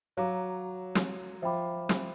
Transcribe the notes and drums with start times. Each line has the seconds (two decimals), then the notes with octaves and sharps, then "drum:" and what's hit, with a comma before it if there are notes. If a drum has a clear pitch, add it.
0.17 F#3 C#5 F5 A#5 D6
0.95 drum: snare
1.42 F3 C5 E5 G5 B5 D6
1.89 drum: snare